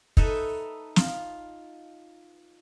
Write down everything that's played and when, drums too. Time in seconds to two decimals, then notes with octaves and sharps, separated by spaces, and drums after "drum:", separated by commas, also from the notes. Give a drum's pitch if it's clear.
0.17 D#4 A4 B4 D#5 E5, drum: kick
0.96 F4, drum: snare